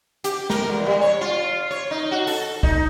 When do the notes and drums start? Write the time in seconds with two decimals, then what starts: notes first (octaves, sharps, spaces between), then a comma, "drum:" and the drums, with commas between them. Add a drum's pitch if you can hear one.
0.24 G4, drum: hi-hat
0.50 A#4, drum: snare
0.69 E2
0.86 G3
1.01 C#5
1.21 F4
1.71 C#5
1.91 D#4
2.11 F#4
2.27 A4, drum: open hi-hat
2.63 D#4, drum: kick